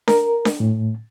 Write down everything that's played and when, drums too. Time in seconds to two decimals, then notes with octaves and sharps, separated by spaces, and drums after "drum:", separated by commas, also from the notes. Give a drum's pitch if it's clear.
0.08 A#4, drum: snare D4
0.45 drum: snare D4
0.60 A2